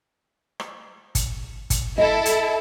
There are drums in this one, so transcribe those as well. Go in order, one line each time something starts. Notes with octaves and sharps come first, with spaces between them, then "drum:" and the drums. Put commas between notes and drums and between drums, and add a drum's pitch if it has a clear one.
drum: rim click
drum: kick G#1, hi-hat
drum: kick G#1, hi-hat
E4 A4 D#5
drum: hi-hat